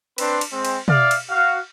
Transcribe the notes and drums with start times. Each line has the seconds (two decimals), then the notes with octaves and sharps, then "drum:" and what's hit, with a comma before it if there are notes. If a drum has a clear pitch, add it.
0.18 C4 D4 B4 C6, drum: cymbal
0.41 drum: cymbal
0.52 G#3 C4
0.65 drum: cymbal
0.88 D5 E5 F5, drum: tom
1.11 drum: cymbal
1.30 F#4 F5